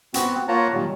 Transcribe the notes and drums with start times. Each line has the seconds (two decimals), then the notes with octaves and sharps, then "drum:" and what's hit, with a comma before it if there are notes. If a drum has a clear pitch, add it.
0.14 B3 C4 F#4, drum: hi-hat
0.48 A#3 F4 C#5 F#5 A5 A#5
0.73 A#2 D#3 F#3 G3